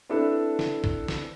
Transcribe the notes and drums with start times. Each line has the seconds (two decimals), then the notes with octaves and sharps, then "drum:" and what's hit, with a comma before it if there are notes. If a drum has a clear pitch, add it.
0.09 C4 D4 E4 A4 B4
0.59 drum: snare
0.84 drum: kick A1
1.08 drum: snare